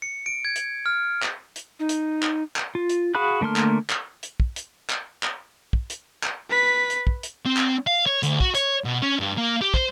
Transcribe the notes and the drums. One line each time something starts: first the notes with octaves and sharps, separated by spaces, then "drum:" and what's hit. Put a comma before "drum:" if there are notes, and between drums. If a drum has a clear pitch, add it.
C#7
D7
G#6
drum: hi-hat
F6
drum: clap
drum: hi-hat
D#4
drum: hi-hat
drum: clap
drum: clap
F4
drum: hi-hat
F#4 G#4 F5 B5 F#6
D3 A3 A#3 C6 F6
drum: clap
drum: clap
drum: hi-hat
drum: kick
drum: hi-hat
drum: clap
drum: clap
drum: kick
drum: hi-hat
drum: clap
B4 B6
drum: hi-hat
drum: kick
drum: hi-hat
C4
drum: clap
F5
C#5
D2, drum: hi-hat
F#4, drum: kick
C#5, drum: hi-hat
B2
C#4
G2
A#3
G4
C5, drum: kick